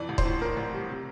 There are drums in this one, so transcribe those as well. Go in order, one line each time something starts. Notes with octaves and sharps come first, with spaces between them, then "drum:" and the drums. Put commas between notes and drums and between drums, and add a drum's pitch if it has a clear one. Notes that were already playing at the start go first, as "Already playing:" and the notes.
Already playing: F2 E3 D5
A1
C5, drum: kick
A2
A2 A#4
A1
G3
C3